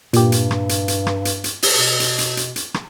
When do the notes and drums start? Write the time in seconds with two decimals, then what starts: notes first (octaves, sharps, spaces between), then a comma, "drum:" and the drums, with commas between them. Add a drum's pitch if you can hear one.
0.13 G2 A#2 G4, drum: hi-hat
0.32 drum: hi-hat
0.51 drum: rim click
0.69 drum: hi-hat
0.88 drum: hi-hat
1.07 drum: rim click
1.25 drum: hi-hat
1.44 drum: hi-hat
1.63 drum: open hi-hat
1.76 B2
2.00 drum: hi-hat
2.18 drum: hi-hat
2.37 drum: hi-hat
2.56 drum: hi-hat
2.74 drum: rim click